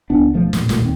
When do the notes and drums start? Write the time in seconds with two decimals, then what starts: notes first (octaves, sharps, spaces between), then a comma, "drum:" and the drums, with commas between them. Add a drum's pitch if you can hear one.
0.10 C#2 B3 D4
0.34 E1 F3 A3
0.53 A#2, drum: snare
0.69 A#2 G3 A3, drum: snare
0.81 D#2 C4